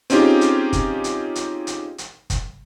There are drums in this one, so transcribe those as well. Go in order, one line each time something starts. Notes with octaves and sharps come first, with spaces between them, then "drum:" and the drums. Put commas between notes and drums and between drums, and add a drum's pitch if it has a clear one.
C4 C#4 D#4 F4 G4 G#4, drum: hi-hat
drum: hi-hat
drum: kick, hi-hat
drum: hi-hat
drum: hi-hat
drum: hi-hat
drum: hi-hat
drum: kick, hi-hat